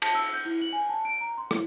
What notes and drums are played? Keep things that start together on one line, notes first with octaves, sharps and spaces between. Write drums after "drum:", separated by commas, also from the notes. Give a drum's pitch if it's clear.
A5, drum: cymbal
E6
G6
E4
F#7
G#5
A5
D7
A#5
C6
E4, drum: rim click